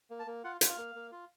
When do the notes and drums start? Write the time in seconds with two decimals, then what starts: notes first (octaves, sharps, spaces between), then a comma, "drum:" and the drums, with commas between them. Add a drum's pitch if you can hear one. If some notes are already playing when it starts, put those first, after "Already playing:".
0.10 A#3
0.19 A5
0.27 A#3
0.44 F4 F#5
0.61 F4, drum: hi-hat
0.69 F5
0.78 A#3
0.95 A#3
1.12 F4